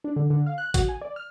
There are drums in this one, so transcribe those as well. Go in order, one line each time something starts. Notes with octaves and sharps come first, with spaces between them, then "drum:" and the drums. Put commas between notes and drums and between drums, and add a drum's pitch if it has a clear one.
D4
D3
D3
F5
F#6
F#4, drum: kick, hi-hat
G#5
D5
F6